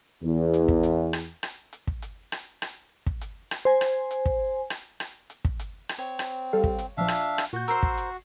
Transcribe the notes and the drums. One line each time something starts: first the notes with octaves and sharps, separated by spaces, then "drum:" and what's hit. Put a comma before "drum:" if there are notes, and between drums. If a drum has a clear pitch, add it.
E2
drum: hi-hat
drum: kick
drum: hi-hat
drum: rim click
drum: rim click
drum: hi-hat
drum: kick
drum: hi-hat
drum: rim click
drum: rim click
drum: kick
drum: hi-hat
drum: rim click
C5 G#5
drum: rim click
drum: hi-hat
drum: kick
drum: rim click
drum: rim click
drum: hi-hat
drum: kick
drum: hi-hat
drum: rim click
C4 C#5
drum: rim click
G3 A4 F5
drum: kick
drum: hi-hat
A#1 F3 D4 E5 F5
drum: rim click
drum: rim click
A#2 F#4 G6
A#4 C5 E6 C7, drum: hi-hat
drum: kick
drum: hi-hat